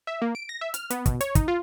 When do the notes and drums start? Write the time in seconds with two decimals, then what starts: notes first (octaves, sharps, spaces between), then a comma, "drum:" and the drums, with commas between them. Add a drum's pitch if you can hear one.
0.07 E5
0.22 A#3
0.35 D7
0.49 A#6
0.61 E5
0.74 F6, drum: hi-hat
0.90 B3, drum: hi-hat
1.06 B2, drum: kick, hi-hat
1.21 C#5, drum: hi-hat
1.35 D#4, drum: kick, hi-hat
1.48 F4